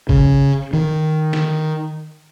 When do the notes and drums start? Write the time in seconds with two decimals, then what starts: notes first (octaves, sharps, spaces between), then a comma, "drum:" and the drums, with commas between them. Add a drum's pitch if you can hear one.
0.09 C#3, drum: kick G#1
0.73 D#3
1.33 drum: snare